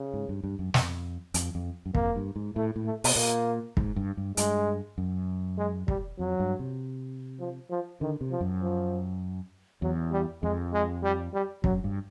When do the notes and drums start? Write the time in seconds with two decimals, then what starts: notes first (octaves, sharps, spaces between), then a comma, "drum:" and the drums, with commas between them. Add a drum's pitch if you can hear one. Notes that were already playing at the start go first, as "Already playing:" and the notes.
Already playing: C#3
0.14 G#2
0.29 G2
0.44 G2
0.59 F#2
0.74 F2, drum: snare
1.34 F2, drum: hi-hat
1.55 F2
1.86 F#2
1.95 F2 A#3, drum: kick
2.16 G2
2.36 G#2
2.56 A2 A3
2.76 A2
2.86 A3
3.04 B2, drum: open hi-hat
3.16 A#2 A#3
3.77 G#2, drum: kick
3.96 G2
4.17 G2
4.37 G2 G#3, drum: hi-hat
4.98 F#2
5.58 G#3
5.88 G3, drum: kick
6.19 F2 F#3
6.40 G2
6.59 C3
7.40 F3
7.70 F3
8.01 D3 D#3
8.21 C3
8.31 F3
8.41 F#2
8.62 F3
9.82 E2 F#3
10.12 G3
10.43 F2 G#3
10.73 G#3
11.03 G3
11.34 G3
11.64 F#2 F#3, drum: kick
11.84 G2